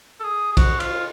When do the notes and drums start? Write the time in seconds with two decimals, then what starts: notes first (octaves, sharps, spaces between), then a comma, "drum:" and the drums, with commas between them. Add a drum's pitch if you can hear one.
0.20 A4
0.24 G#4
0.52 G#4
0.57 F#4, drum: kick, cymbal
0.80 F4, drum: cymbal